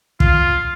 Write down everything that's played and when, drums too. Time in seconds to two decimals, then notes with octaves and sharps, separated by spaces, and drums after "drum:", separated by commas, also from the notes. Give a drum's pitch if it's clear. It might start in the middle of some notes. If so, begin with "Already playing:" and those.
0.20 F4, drum: kick